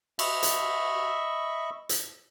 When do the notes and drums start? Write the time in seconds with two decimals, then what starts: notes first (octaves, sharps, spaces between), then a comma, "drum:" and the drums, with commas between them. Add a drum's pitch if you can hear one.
0.19 D#5 E5 B5 C#6, drum: cymbal
0.43 drum: hi-hat
1.89 drum: hi-hat